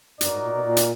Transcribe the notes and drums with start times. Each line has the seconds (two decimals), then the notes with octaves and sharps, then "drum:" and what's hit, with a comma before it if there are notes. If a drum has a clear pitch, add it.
0.21 G2 D#4 F#4 A#4 D5, drum: hi-hat
0.31 G#2
0.42 A#2
0.53 B2
0.63 A#2
0.77 drum: hi-hat